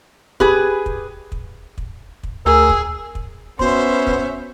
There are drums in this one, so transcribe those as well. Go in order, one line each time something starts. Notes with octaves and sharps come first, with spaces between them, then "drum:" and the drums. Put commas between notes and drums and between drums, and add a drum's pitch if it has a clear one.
G4 G#4 B4, drum: kick
drum: kick
drum: kick
drum: kick
drum: kick
D2 G#4 A#4 E6
drum: kick
drum: kick
B3 C#4 F#4 C5 E5 C6, drum: kick
drum: kick